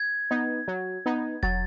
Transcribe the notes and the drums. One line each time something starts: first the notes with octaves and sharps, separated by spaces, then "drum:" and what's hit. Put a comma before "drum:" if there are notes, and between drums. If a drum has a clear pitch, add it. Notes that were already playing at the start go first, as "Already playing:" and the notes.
Already playing: G#6
B3 D#4
F#3
B3 D#4
F#3 A6, drum: kick E1